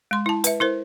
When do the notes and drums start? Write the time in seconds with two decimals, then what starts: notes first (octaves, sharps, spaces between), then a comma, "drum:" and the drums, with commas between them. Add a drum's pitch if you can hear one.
0.11 G#3 C6
0.26 E4 A5
0.44 B4 E5, drum: hi-hat
0.60 E4 A#4 C5